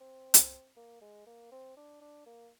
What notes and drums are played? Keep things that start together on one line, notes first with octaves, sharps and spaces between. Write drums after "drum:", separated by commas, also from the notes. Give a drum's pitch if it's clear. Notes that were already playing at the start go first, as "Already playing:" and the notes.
C4
drum: hi-hat
A#3
G#3
A#3
C4
D4
D4
A#3